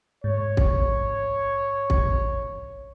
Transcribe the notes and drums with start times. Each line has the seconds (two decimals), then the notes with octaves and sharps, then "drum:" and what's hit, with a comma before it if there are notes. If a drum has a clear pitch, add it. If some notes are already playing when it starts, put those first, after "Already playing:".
0.24 G#2 C#5
0.57 drum: kick
1.90 drum: kick